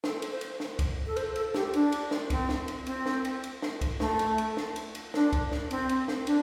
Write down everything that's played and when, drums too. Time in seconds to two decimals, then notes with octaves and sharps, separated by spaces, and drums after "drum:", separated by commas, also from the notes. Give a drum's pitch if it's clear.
0.04 A4, drum: snare
0.22 drum: cymbal
0.32 C5
0.41 drum: cymbal
0.60 drum: snare
0.79 drum: kick C2, cymbal
1.07 A4
1.17 C5, drum: cymbal
1.36 A4, drum: cymbal
1.54 G4, drum: snare
1.73 D4, drum: cymbal
1.92 drum: cymbal
2.11 drum: snare
2.30 C4, drum: kick C2, cymbal
2.49 drum: snare
2.68 drum: cymbal
2.86 C4, drum: cymbal
3.06 drum: snare
3.25 drum: cymbal
3.44 drum: cymbal
3.62 drum: snare
3.81 drum: kick C2, cymbal
4.00 A3, drum: snare
4.19 drum: cymbal
4.38 drum: cymbal
4.57 drum: snare
4.76 drum: cymbal
4.95 drum: cymbal
5.14 D4, drum: snare
5.33 drum: kick C2, cymbal
5.51 drum: snare
5.71 C4, drum: cymbal
5.89 drum: cymbal
6.08 drum: snare
6.27 D4, drum: cymbal